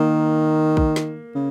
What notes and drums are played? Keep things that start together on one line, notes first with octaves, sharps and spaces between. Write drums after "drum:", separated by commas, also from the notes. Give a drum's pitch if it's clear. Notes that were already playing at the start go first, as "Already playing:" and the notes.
Already playing: D#3 A#3
drum: kick A#1
drum: snare
C#3